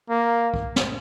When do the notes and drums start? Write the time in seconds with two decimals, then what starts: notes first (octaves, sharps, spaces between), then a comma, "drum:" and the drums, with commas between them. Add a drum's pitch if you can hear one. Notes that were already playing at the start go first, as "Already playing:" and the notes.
0.09 A#3
0.54 drum: kick C2
0.76 drum: snare